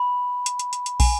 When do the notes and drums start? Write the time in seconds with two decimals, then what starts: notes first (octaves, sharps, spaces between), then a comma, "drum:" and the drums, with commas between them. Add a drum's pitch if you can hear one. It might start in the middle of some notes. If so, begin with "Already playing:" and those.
Already playing: B5
0.46 drum: hi-hat
0.59 drum: hi-hat
0.73 drum: hi-hat
0.86 drum: hi-hat
1.00 G#5, drum: kick, open hi-hat